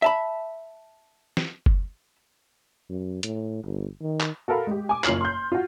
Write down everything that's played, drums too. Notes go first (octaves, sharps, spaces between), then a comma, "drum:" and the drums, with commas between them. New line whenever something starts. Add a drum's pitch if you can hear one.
E5 A5 B5
drum: snare
drum: kick F#1
F#2
A2, drum: hi-hat
G1
D#3
drum: clap
F#4 A4 A#4 F5 B5
G#3 G4
G#5 D6
F#1 F4 C#5 F6 C7 F#7, drum: clap
C6 G6
F4 F#4